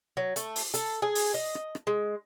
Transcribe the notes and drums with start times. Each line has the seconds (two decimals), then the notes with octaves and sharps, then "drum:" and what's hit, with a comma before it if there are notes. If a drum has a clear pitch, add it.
0.17 F#3
0.36 A3, drum: hi-hat
0.56 drum: open hi-hat
0.74 A4, drum: hi-hat
1.02 G#4
1.15 drum: open hi-hat
1.34 D#5
1.55 drum: rim click
1.75 drum: rim click
1.87 G#3